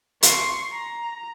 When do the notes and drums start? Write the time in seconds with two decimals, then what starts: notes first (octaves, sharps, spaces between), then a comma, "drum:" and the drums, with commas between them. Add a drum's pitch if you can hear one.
0.23 C6 C#6, drum: hi-hat
0.72 A#5